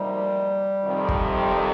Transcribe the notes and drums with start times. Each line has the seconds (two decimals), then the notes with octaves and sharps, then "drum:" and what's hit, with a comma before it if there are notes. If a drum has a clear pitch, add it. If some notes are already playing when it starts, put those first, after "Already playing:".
Already playing: D2 C3 F3 G3 A#3 D#4
0.83 F2 C3 D#3
1.09 drum: kick
1.55 G3